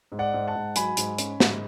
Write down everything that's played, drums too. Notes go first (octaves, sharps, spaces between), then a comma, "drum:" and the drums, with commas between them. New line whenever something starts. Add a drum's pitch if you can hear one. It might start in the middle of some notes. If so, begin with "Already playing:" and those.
G#2
D5 F#5
G#2
F#5 A5
G#2
F#3 G#5 B5, drum: hi-hat
G#2, drum: hi-hat
C#4, drum: hi-hat
G#2, drum: snare